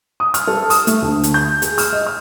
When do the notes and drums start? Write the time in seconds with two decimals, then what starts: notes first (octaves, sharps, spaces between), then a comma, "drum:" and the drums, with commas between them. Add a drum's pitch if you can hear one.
0.20 D#6
0.34 F6, drum: hi-hat
0.47 A4
0.70 D#6, drum: open hi-hat
0.87 A3, drum: hi-hat
1.02 D2
1.23 drum: hi-hat
1.34 G6
1.62 G#4, drum: hi-hat
1.78 F6, drum: open hi-hat
1.93 D#5
2.07 F6